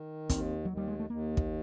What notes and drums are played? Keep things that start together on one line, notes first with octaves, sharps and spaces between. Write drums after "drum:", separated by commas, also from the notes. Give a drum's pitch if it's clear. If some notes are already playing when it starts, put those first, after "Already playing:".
Already playing: D#3
D#2 C4, drum: kick, hi-hat
D#2 F#3
G3
G#3
A3
D#2 A#3
drum: kick